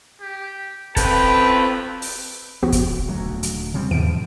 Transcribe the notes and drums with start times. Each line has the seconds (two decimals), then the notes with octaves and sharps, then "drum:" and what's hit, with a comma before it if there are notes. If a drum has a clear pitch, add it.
0.21 G4
0.96 C4 A4 B4 G5, drum: kick, hi-hat
2.02 drum: open hi-hat
2.63 C#2 F3 B3 F#4
2.72 drum: kick, hi-hat
3.08 D#1 D2 F#3
3.43 drum: hi-hat
3.74 C#3 G3 C4
3.91 E2 G#2 B2 E3 F3 D7